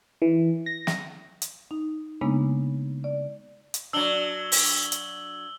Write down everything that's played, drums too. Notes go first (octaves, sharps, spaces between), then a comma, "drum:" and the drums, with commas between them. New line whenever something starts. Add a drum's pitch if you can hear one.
E3
A#6
drum: snare
drum: hi-hat
D#4
C#3 G#3 A#3 B3 D4 D#4
D5
drum: hi-hat
F#3 D4 E6 F#7 G7
drum: open hi-hat
drum: hi-hat